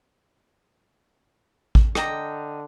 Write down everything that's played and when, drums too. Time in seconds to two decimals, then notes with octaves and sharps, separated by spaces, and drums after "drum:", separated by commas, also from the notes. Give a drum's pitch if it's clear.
1.75 drum: kick A1
1.95 D3 D#5 G5 A#5, drum: rim click